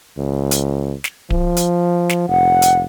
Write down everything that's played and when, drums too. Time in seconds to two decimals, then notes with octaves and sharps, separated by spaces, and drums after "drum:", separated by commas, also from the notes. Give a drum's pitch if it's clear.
0.17 C#2
0.51 drum: hi-hat
1.04 drum: snare
1.30 F3, drum: kick D1
1.57 drum: hi-hat
2.09 drum: snare
2.28 F1 F#5
2.62 drum: hi-hat